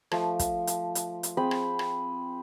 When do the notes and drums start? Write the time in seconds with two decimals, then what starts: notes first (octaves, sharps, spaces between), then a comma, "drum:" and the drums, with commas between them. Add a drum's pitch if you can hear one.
0.11 F3 A3, drum: rim click
0.39 drum: kick, hi-hat
0.67 drum: hi-hat
0.95 drum: hi-hat
1.23 drum: hi-hat
1.37 C4 G#4 G5 B5
1.51 drum: rim click
1.79 drum: rim click